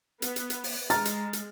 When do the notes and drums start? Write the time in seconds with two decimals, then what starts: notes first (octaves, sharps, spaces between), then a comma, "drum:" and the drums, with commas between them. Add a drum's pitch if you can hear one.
0.22 B3, drum: hi-hat
0.36 drum: hi-hat
0.50 drum: hi-hat
0.64 drum: open hi-hat
0.90 G#3 A#5 F6 A6, drum: hi-hat
1.05 drum: hi-hat
1.33 drum: hi-hat